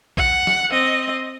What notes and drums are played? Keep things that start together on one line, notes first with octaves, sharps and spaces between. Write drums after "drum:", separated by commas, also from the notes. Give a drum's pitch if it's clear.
F#5, drum: kick A#1
drum: snare
C4 D#5